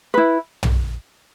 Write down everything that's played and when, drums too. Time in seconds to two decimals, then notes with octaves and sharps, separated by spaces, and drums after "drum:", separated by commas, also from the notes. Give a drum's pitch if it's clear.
0.14 E4 B4
0.63 drum: tom